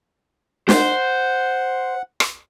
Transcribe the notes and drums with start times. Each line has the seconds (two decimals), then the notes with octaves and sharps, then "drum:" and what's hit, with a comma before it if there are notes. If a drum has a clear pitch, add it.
0.69 C5 F#5, drum: snare
2.20 drum: rim click